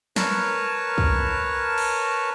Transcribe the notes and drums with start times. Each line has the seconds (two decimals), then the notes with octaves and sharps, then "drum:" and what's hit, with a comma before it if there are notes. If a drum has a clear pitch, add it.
0.16 A#4 B4 C#5 A5, drum: snare
0.98 drum: kick
1.78 drum: cymbal